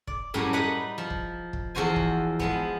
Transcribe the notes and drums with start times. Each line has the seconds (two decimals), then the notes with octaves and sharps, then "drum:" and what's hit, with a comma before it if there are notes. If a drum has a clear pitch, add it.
0.07 D5, drum: kick
0.34 F#2 A2 G3 F#4 G#4 A#5
0.53 G3 D#4 B4 F#5 A#5 B5
0.98 F3
1.10 drum: kick
1.53 drum: kick
1.75 E2 F3 F#4 C5 G#5
1.96 drum: kick
2.39 F3 G#3 B3, drum: kick